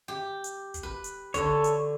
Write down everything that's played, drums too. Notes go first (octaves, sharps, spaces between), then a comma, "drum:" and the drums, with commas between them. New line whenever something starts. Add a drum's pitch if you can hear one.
G4
drum: hi-hat
drum: kick, hi-hat
B4
drum: hi-hat
D3 A4 C#5, drum: kick, hi-hat
drum: hi-hat